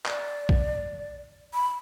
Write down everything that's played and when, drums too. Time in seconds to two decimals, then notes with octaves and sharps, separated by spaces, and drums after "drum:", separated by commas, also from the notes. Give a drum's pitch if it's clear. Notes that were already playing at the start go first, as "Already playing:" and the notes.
0.06 D5, drum: clap
0.49 drum: kick A#1
1.54 B5